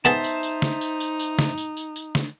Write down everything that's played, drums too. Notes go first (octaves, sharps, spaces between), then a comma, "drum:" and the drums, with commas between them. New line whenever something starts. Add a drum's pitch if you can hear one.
B3 D#4 G#4 A4 C5 E5 A5
drum: tambourine
drum: tambourine
drum: snare
drum: tambourine
drum: tambourine
drum: tambourine
drum: snare
drum: tambourine
drum: tambourine
drum: tambourine
drum: snare